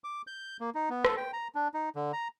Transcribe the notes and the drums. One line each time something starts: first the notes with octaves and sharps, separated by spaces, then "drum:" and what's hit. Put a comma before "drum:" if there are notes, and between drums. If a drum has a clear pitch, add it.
D6
G6
A#3
D#4
B3
A4, drum: rim click
G5
A#5
D4
D#4
D3
A#5